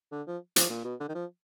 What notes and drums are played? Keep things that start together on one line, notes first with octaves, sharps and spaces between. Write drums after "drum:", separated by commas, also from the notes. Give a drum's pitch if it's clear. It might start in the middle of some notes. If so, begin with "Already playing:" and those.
D3
F3
F3, drum: hi-hat
A#2
B2
D3
D#3
F3